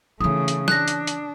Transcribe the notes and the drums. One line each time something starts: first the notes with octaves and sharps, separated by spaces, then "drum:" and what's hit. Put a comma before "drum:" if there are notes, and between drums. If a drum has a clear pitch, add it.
C#3 E3 A3 D#4 D#6
drum: hi-hat
D4 F#6 A#6, drum: snare
drum: hi-hat
drum: hi-hat